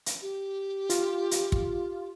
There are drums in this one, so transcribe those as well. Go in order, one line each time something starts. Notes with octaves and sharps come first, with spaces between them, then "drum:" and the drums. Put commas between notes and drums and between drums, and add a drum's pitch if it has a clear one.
drum: hi-hat
G4
F4, drum: hi-hat
drum: hi-hat
drum: kick